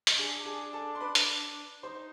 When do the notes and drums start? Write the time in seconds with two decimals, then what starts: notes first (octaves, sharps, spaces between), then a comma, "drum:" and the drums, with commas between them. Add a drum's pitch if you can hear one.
0.07 drum: hi-hat
0.18 D4 G#4 G#5
0.41 A5
0.45 G#4 G#5
0.73 A4 A5
0.95 C6
1.00 B4 B5
1.15 drum: hi-hat
1.83 D#4 C5 C6